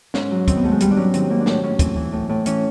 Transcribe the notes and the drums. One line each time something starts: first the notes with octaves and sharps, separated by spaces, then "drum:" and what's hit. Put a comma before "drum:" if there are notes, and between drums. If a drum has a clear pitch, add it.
G#2 C#4, drum: snare
F#3
D#3 C4, drum: kick, hi-hat
B3
G#2 A3
G#3
G#2 G3, drum: hi-hat
D4
F#3 C#4
D#3 C4, drum: hi-hat
G#2 A#3
D4
A2 C#4, drum: snare
A2 C#4
E3 C4, drum: kick, hi-hat
E3
A2
A2
E3 C#4, drum: hi-hat